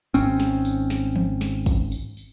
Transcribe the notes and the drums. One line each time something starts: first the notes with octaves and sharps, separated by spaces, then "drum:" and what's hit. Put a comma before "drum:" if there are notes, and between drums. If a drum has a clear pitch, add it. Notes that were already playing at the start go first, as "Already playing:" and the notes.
G#1 C4 C#4, drum: tambourine
drum: snare
drum: tambourine
drum: snare
drum: tom E3
drum: snare
drum: kick, tambourine
drum: tambourine
drum: tambourine